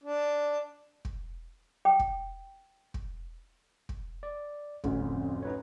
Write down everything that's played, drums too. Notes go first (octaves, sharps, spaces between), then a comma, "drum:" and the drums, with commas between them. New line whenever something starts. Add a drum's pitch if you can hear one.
D4
drum: kick
G5
drum: kick
drum: kick
drum: kick
D5
A1 D2 C#4, drum: kick
F2
D#4 B4 C#5